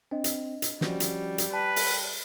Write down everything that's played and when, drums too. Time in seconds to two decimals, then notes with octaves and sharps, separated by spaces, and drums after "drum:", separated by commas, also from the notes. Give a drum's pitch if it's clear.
0.11 C4 D4 D#5
0.24 drum: hi-hat
0.62 drum: hi-hat
0.81 F3 G3 C#4 F#4, drum: snare
1.00 drum: hi-hat
1.38 drum: hi-hat
1.53 B4 G5 A5
1.76 drum: open hi-hat